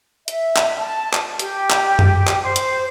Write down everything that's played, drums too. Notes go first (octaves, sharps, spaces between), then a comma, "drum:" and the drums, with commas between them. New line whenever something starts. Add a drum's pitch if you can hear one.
E5, drum: hi-hat
drum: clap
A5
drum: clap
G4, drum: hi-hat
drum: clap
drum: tom F#2
drum: clap
C5
drum: hi-hat